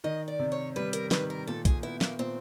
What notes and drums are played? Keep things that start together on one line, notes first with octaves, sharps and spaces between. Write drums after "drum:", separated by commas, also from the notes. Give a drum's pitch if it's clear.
D#3 D#5
D5
C3
C#5
G3 B4
A#4, drum: hi-hat
D#3 B4, drum: snare
A#4
A#2 A4
G#4, drum: kick, hi-hat
B3 E4
A#3, drum: snare
A#2 C4